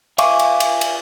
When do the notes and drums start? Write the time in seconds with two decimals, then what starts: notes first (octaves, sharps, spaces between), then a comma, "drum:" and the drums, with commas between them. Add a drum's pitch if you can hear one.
0.18 E5 F5 G#5 C#6 D6, drum: cymbal
0.39 drum: cymbal
0.60 drum: cymbal
0.81 drum: cymbal